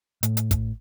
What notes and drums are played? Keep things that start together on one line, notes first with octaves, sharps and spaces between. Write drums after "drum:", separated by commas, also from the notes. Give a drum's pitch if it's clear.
A2, drum: hi-hat
drum: hi-hat
drum: kick, hi-hat